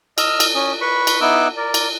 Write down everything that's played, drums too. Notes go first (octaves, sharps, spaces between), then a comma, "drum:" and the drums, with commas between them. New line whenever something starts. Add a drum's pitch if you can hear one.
D#5 E6 F6, drum: cymbal
drum: cymbal
C#4 D#6
B4 B5 C#6
drum: cymbal
B3 D#4 E4 D6 E6 F#6
A#4 D5
drum: cymbal